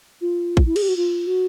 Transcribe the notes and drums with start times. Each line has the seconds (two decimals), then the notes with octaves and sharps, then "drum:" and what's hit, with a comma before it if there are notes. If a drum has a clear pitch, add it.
0.21 F4
0.57 drum: kick A1
0.66 E4
0.76 G#4, drum: cymbal
0.82 G4
0.89 F#4
0.97 F4
1.27 F#4